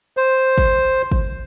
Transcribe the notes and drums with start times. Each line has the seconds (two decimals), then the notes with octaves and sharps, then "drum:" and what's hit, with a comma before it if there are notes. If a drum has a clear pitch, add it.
0.17 C5
0.58 drum: kick
1.12 drum: kick